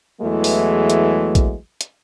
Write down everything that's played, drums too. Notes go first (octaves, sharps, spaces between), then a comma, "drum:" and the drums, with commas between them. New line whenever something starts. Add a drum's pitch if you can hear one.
E2 E3 F#3 G#3 A3
drum: open hi-hat
drum: hi-hat
drum: kick A#1, hi-hat
drum: hi-hat